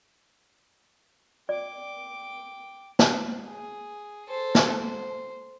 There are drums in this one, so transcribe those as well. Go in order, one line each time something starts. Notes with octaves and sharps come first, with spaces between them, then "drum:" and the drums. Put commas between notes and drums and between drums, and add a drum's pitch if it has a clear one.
D5 G5 D6
drum: snare
G#4
A4 C5
drum: snare
C5